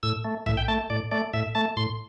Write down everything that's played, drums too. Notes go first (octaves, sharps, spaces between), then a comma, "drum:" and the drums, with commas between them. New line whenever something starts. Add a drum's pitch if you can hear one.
A2 E6
A3
A2 E5, drum: tom A#1
G5
A3 A5
A2 D5
A3 D5
A2 E5
A3 A5
A2 C6